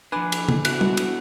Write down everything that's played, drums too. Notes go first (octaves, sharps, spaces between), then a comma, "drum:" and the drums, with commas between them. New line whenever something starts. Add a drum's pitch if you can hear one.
F3 D4 B4 G#5 D6
drum: cymbal
drum: tom C#3
B3 D4 E4 F#4 F#6, drum: cymbal
drum: tom
drum: cymbal